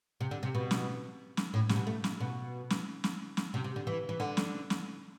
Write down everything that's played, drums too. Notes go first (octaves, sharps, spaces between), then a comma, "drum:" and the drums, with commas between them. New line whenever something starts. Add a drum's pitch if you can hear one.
C3
D3
C3
B2
drum: snare
drum: snare
A2
C3, drum: snare
B2
A3
drum: snare
B2
drum: snare
drum: snare
drum: snare
C3
C3
D3
E3
E3
D3
drum: snare
drum: snare